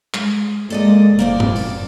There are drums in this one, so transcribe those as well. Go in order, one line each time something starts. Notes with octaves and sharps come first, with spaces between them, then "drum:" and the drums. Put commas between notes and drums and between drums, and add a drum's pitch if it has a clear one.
G#3, drum: clap
G#3 A#3 A4 D5 D#5
F#1 A#3 C4 D5
drum: tom G#2
drum: open hi-hat